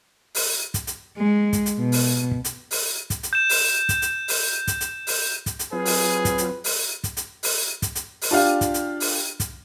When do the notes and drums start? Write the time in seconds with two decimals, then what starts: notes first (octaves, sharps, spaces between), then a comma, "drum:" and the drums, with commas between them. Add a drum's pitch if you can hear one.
0.35 drum: open hi-hat
0.74 drum: kick, hi-hat
0.87 drum: hi-hat
1.18 G#3
1.53 drum: kick, hi-hat
1.66 drum: hi-hat
1.79 B2
1.92 drum: open hi-hat
2.31 drum: kick
2.44 drum: hi-hat
2.71 drum: open hi-hat
3.10 drum: kick, hi-hat
3.23 drum: hi-hat
3.33 G6 E7
3.49 drum: open hi-hat
3.89 drum: kick, hi-hat
4.02 drum: hi-hat
4.28 drum: open hi-hat
4.67 drum: kick, hi-hat
4.81 drum: hi-hat
5.07 drum: open hi-hat
5.46 drum: kick, hi-hat
5.59 drum: hi-hat
5.73 F#3 C4 F4 G#4 B4
5.85 drum: open hi-hat
6.25 drum: kick, hi-hat
6.38 drum: hi-hat
6.64 drum: open hi-hat
7.04 drum: kick, hi-hat
7.17 drum: hi-hat
7.43 drum: open hi-hat
7.82 drum: kick, hi-hat
7.95 drum: hi-hat
8.22 drum: open hi-hat
8.31 D4 F4 G4 F5 G5
8.61 drum: kick, hi-hat
8.74 drum: hi-hat
9.00 drum: open hi-hat
9.40 drum: kick, hi-hat